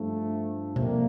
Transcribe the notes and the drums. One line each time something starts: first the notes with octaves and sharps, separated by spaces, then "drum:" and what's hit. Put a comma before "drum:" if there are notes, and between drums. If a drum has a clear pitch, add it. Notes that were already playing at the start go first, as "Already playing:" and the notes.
Already playing: G2 F3 A3
F2 C3 G3 A#3, drum: tom B2